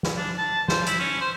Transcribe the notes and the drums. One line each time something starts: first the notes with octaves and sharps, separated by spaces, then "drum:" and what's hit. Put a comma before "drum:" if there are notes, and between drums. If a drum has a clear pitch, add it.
drum: snare
D4
A5
C5, drum: snare
E4, drum: hi-hat
C#4
C5